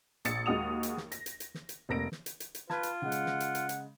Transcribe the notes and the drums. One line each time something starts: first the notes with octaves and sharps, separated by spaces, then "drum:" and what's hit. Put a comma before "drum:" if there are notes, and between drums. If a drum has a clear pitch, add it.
A#1 A6 C#7, drum: hi-hat
D#2 G#3 F#4 D#6 F7
drum: hi-hat
drum: snare
A#6, drum: hi-hat
drum: hi-hat
drum: hi-hat
drum: snare
drum: hi-hat
F1 A#3 A#6 D7
drum: snare
drum: hi-hat
drum: hi-hat
drum: hi-hat
F4 B4 A5 G#6, drum: snare
drum: hi-hat
C#3 G#3 F#5
drum: hi-hat
drum: snare
drum: hi-hat
drum: hi-hat
drum: hi-hat